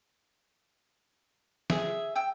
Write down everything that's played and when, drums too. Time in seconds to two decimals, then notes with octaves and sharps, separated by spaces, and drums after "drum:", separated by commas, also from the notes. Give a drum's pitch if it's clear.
1.70 G#4 E5, drum: snare
2.15 G5 E6